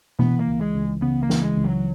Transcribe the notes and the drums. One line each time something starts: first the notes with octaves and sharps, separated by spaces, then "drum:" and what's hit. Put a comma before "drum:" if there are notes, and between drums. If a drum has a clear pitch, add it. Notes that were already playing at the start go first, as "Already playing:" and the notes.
E3 B3, drum: tom B2
A#3
C#2
G#3
C#2
C#3 B3
A#3
E3, drum: snare
G#3
C#2
F#3